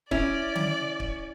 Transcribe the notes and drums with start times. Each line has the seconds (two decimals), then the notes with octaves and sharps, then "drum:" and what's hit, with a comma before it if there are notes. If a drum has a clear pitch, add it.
0.11 C#4 E4 D5, drum: kick
0.56 drum: tom D3
1.00 drum: kick